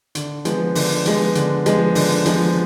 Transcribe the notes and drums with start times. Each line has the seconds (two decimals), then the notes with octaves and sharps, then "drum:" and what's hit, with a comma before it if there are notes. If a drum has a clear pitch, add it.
0.15 D3, drum: hi-hat
0.45 F3 G#3 B3, drum: hi-hat
0.75 D3, drum: open hi-hat
1.05 F3 G#3 B3, drum: hi-hat
1.35 D3, drum: hi-hat
1.66 F3 G#3 B3, drum: hi-hat
1.95 D3, drum: open hi-hat
2.25 F3 G#3 B3, drum: hi-hat